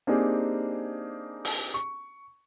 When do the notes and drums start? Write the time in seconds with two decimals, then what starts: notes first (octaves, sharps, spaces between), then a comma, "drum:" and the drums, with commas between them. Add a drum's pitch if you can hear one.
0.07 A#3 C4 D4 D#4 G4 G#4
1.45 drum: open hi-hat
1.74 C#6